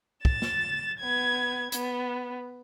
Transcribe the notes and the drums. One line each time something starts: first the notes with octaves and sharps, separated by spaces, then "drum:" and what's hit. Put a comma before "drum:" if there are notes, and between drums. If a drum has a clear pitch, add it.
A6 E7, drum: kick
drum: snare
B3 G#6
B3, drum: hi-hat